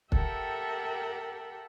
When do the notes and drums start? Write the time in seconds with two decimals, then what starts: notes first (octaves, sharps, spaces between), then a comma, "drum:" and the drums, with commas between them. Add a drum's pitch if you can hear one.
0.12 G4 A4 A#4 E5 F#5 G5, drum: kick